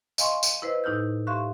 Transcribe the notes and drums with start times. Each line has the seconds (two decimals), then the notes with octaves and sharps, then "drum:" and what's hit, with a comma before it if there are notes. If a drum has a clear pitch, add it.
0.18 D#5 F5 G#5 C6 C#6, drum: tambourine
0.43 drum: tambourine
0.62 E4 B4 C5 D#5
0.84 A2 D#4 E4 F6 G6
1.27 G4 E5 F5 C6 C#6 F#6